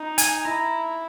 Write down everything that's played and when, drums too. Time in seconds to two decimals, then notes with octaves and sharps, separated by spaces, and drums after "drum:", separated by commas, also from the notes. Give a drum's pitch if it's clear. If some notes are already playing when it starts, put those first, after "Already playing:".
Already playing: D#4
0.18 G#5, drum: hi-hat
0.45 E4 A#5